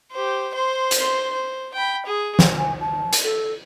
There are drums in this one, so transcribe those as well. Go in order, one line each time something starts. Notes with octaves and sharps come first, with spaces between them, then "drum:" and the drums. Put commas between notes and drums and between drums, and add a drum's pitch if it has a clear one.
G4 C5
C5 C6
drum: hi-hat
C5
G5 B5
G#4
drum: snare
G#5
A5
drum: hi-hat
A4